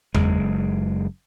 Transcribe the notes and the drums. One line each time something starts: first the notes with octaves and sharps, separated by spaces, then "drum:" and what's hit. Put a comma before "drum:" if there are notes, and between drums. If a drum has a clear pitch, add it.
F#1 G#3, drum: tom E2